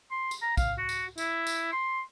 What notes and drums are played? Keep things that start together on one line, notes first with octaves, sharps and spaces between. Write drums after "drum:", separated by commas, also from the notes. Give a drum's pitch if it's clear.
C6
drum: tambourine
A#5
F5, drum: kick, tambourine
F#4
drum: tambourine
E4, drum: tambourine
drum: tambourine
C6